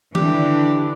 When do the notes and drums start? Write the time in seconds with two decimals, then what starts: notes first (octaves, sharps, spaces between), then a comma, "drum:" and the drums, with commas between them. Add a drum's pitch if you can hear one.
0.15 D3 E3 D4 G4, drum: tom D#3